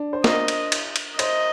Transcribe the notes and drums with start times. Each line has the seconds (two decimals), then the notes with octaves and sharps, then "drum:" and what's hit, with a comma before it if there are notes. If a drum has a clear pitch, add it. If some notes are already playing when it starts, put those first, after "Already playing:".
Already playing: D4
0.13 C5
0.24 A#4 D#5, drum: snare
0.48 drum: cymbal
0.72 drum: cymbal
0.96 drum: cymbal
1.19 C5 D#5, drum: cymbal